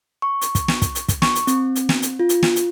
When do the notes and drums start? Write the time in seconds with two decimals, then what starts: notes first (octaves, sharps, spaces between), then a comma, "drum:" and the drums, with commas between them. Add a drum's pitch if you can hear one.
0.22 C#6
0.41 drum: hi-hat
0.55 drum: kick, hi-hat
0.68 drum: snare
0.82 drum: kick, hi-hat
0.95 drum: hi-hat
1.08 drum: kick, hi-hat
1.22 C#6, drum: snare
1.35 drum: hi-hat
1.47 C4, drum: hi-hat
1.76 drum: hi-hat
1.89 drum: snare
2.02 drum: hi-hat
2.19 F4
2.29 drum: hi-hat
2.43 drum: snare
2.56 drum: hi-hat